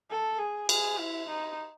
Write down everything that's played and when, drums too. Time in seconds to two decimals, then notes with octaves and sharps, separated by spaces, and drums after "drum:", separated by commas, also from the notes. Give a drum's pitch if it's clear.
0.10 A4
0.39 G#4
0.69 G#4, drum: cymbal
0.99 E4
1.28 D#4